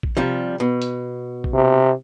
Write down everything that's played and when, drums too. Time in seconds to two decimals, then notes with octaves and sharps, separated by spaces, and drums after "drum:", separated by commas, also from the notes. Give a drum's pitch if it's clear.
0.03 drum: kick
0.17 C3 F3 G3
0.60 B2
0.82 drum: hi-hat
1.44 drum: kick
1.54 C3